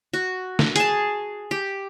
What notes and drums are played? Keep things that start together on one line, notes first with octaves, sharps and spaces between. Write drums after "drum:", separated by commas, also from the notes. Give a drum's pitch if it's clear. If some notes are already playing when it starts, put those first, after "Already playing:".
F#4
drum: snare
G#4 A5, drum: hi-hat
G4